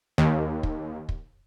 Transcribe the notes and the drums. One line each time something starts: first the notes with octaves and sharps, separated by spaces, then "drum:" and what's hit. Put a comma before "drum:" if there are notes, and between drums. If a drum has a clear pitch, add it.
D#2
drum: kick
drum: kick